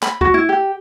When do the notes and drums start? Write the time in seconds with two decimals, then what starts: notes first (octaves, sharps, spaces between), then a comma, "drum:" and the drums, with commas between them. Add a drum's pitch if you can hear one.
0.02 B5, drum: clap
0.21 F#4, drum: kick C#2
0.34 E4
0.49 G4